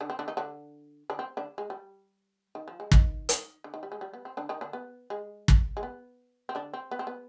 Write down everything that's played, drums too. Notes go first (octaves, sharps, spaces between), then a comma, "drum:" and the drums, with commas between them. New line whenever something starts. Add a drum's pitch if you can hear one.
D3 D4
C4
D3 D4
D#3 D#4
D3 D4
D3 D4
C4
D3 D4
G#3
G3
D#3
F3
G#3
D#3, drum: kick
drum: hi-hat
D3
D#3
G3
G#3
G3
B3
C4
D3 D4
D#3 D#4
D3 D4
B3
G#3
drum: kick
G#3
B3
C4
D3 D4
C4
B3
C4
B3